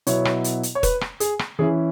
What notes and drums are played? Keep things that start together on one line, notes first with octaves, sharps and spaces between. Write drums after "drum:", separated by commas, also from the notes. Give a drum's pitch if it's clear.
B2 F#3 B3 E4 C#5, drum: hi-hat
drum: rim click
drum: hi-hat
drum: hi-hat
C#5
B4, drum: kick, hi-hat
drum: rim click
G#4, drum: hi-hat
drum: rim click
E3 C#4 E4 G#4